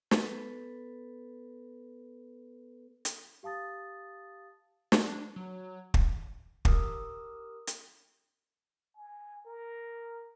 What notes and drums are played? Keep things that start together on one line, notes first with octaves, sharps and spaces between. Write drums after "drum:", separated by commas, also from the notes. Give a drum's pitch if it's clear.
B3 A4 B4, drum: snare
drum: hi-hat
G4 F5 A5 D#6 A6
D4, drum: snare
F#3
drum: kick
G4 A#4 D#6 E6, drum: kick
drum: hi-hat
G#5
A#4